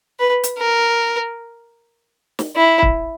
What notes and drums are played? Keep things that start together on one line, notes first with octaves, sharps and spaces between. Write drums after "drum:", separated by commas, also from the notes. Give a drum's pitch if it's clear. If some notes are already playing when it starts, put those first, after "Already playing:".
B4
drum: hi-hat
A#4
drum: snare
E4
drum: kick